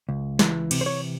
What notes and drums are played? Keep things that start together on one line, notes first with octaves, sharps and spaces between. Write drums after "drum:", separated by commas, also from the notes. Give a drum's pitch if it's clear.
C#2
E3, drum: snare
C3, drum: cymbal
C5
C#5